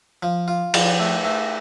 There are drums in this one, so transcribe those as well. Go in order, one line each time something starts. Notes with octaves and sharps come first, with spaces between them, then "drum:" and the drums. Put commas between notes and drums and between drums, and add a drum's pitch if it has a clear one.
F3
F4
F3, drum: cymbal
A3
A3